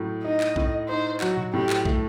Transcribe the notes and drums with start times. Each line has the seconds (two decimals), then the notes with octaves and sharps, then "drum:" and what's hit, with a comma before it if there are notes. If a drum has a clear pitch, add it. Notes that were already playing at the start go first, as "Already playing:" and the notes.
Already playing: A2 F#3
0.24 D#4 D#5
0.41 drum: clap
0.56 A2, drum: kick B1
0.88 D#4 C5
1.21 F#3 F#4, drum: clap
1.37 drum: tom A2
1.53 A2 G4
1.70 drum: clap
1.85 A3, drum: kick B1